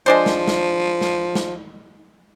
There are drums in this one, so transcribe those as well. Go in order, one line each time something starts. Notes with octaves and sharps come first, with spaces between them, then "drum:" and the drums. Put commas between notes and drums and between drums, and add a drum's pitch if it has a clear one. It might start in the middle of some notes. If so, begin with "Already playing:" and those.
F3 G#3 D4 C5
drum: snare
drum: snare
drum: snare
drum: snare